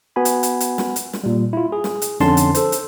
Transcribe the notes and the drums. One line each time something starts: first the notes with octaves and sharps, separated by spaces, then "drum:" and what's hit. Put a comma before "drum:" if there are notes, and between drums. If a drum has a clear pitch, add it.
B3 F#4 G#5 B5
drum: hi-hat
drum: hi-hat
drum: hi-hat
drum: snare
drum: hi-hat
drum: snare
A#2 G3
E4 F4
G#4
drum: snare
drum: hi-hat
F2 D3 C#4 D#4 A5 C6, drum: snare
drum: hi-hat
A4 C5, drum: hi-hat
drum: hi-hat